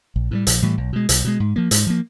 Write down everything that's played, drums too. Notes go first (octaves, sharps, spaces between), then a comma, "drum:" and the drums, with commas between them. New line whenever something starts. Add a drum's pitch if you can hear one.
A#1
A2 E3 G3
A#1, drum: hi-hat
A2 E3 G3
B1
B2 G#3
B1, drum: hi-hat
B2 G#3
G#2
F3 A#3
G#2, drum: hi-hat
F3 A#3